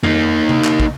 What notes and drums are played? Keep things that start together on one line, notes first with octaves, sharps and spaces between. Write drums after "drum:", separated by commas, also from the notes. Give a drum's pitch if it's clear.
A#3 D#4, drum: tom F2
drum: tom C3
drum: clap
drum: kick